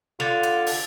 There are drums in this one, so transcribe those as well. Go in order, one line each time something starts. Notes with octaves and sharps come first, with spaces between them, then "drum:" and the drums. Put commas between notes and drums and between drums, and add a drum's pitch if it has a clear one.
D3 F4 A6 F7, drum: snare
drum: hi-hat
drum: open hi-hat